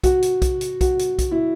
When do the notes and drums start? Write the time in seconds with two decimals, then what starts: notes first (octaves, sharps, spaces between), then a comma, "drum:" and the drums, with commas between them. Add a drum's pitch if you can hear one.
0.04 F#4, drum: kick B1, hi-hat
0.23 drum: hi-hat
0.42 drum: kick B1, hi-hat
0.61 drum: hi-hat
0.81 F#4, drum: kick B1, hi-hat
0.99 drum: hi-hat
1.19 drum: kick B1, hi-hat
1.31 E4